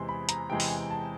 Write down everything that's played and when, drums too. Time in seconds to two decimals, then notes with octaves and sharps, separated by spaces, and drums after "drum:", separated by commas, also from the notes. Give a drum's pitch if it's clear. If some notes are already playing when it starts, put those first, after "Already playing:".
Already playing: E2 C3 E3 G#3 C6
0.09 B5
0.29 A#5, drum: hi-hat
0.50 E2 C3 E3 G#3 G5
0.60 drum: open hi-hat
0.70 G#5
0.90 A5